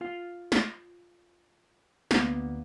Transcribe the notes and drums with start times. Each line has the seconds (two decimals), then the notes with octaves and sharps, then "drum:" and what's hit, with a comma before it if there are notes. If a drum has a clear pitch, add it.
0.01 F4 F5
0.52 drum: snare
2.11 D2 A#3 B3 F5, drum: snare